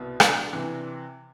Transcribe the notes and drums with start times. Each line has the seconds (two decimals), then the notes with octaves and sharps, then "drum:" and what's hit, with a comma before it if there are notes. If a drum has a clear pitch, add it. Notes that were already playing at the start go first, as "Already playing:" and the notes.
Already playing: C2 B2
0.20 D4, drum: rim click
0.53 C3 E3